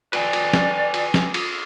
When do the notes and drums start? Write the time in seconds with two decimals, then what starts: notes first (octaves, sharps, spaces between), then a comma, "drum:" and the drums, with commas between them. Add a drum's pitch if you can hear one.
0.13 B4 D5 G5 G#5, drum: cymbal
0.33 drum: cymbal
0.53 drum: snare
0.94 drum: cymbal
1.14 drum: snare
1.34 drum: cymbal